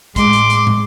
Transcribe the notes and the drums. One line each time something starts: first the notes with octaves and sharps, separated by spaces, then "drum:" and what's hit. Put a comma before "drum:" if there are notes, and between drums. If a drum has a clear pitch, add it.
A2 G#3 C6 D6, drum: kick, hi-hat
drum: hi-hat
drum: hi-hat
drum: tom